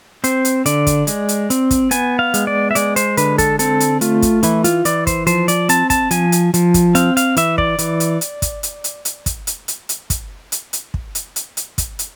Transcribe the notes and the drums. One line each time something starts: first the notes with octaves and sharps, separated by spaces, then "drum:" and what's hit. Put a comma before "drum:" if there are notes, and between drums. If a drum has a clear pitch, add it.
C4 C5, drum: hi-hat
drum: hi-hat
D3 D5, drum: hi-hat
drum: kick, hi-hat
G#3, drum: hi-hat
drum: hi-hat
C4, drum: hi-hat
drum: kick, hi-hat
B3 G#5, drum: hi-hat
F5
G#3, drum: hi-hat
D5
E5
G#3 D5, drum: hi-hat
C5, drum: hi-hat
D3 B4, drum: hi-hat
A4, drum: kick, hi-hat
C4 A4, drum: hi-hat
drum: hi-hat
A3 F4, drum: hi-hat
drum: kick, hi-hat
E3 E4, drum: hi-hat
F4, drum: hi-hat
E3 D5, drum: hi-hat
C5, drum: kick, hi-hat
F3 C5, drum: hi-hat
D5, drum: hi-hat
C4 A5, drum: hi-hat
A5, drum: kick, hi-hat
F3 G#5, drum: hi-hat
drum: hi-hat
F3, drum: hi-hat
drum: kick, hi-hat
C4 F5, drum: hi-hat
F5, drum: hi-hat
E3 E5, drum: hi-hat
D5, drum: kick
E3, drum: hi-hat
drum: hi-hat
drum: hi-hat
drum: kick, hi-hat
drum: hi-hat
drum: hi-hat
drum: hi-hat
drum: kick, hi-hat
drum: hi-hat
drum: hi-hat
drum: hi-hat
drum: kick, hi-hat
drum: hi-hat
drum: hi-hat
drum: kick
drum: hi-hat
drum: hi-hat
drum: hi-hat
drum: kick, hi-hat
drum: hi-hat